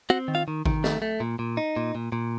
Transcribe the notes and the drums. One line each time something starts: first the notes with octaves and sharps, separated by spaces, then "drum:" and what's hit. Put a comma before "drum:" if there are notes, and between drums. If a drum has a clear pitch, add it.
C4 F#4 F#5
D#3
F4 F5
D#3
D#3, drum: kick G#1
A3, drum: snare
A3
A#2
A#2
D#4
A#2
A#2
A#2